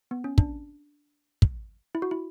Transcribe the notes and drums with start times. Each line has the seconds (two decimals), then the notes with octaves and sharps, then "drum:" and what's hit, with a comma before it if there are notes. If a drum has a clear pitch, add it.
0.11 B3
0.24 C#4
0.38 D4, drum: kick
1.42 drum: kick
1.95 E4
2.02 F#4
2.11 E4